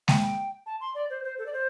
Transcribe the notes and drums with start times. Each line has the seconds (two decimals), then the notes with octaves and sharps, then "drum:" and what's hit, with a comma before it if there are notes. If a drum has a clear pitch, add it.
0.08 G5, drum: snare G#3
0.66 A5
0.80 C6
0.95 D5
1.10 C5
1.24 C5
1.38 A4
1.46 D5
1.53 C5